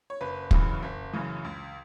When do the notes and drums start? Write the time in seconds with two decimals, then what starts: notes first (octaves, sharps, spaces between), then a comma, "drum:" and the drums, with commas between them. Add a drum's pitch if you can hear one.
0.10 C#5
0.21 F#1 B4
0.51 F#2 C#3 E3, drum: kick
0.83 F#1
1.13 F#2 C#3 E3
1.45 C#2